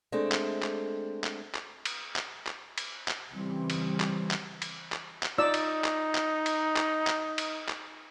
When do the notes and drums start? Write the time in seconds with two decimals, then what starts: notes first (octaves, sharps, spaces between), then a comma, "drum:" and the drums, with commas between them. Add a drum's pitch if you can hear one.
0.12 G#3 A3 C4 D4
0.32 drum: clap
0.63 drum: clap
1.24 drum: clap
1.55 drum: clap
1.85 drum: cymbal
2.16 drum: clap
2.47 drum: clap
2.78 drum: cymbal
3.08 drum: clap
3.33 C#3 E3 G3 C4
3.70 drum: cymbal
4.00 drum: clap
4.31 drum: clap
4.62 drum: cymbal
4.92 drum: clap
5.23 drum: clap
5.38 D#4 F4 D5 E6
5.54 drum: cymbal
5.85 drum: clap
6.15 drum: clap
6.46 drum: cymbal
6.77 drum: clap
7.07 drum: clap
7.38 drum: cymbal
7.69 drum: clap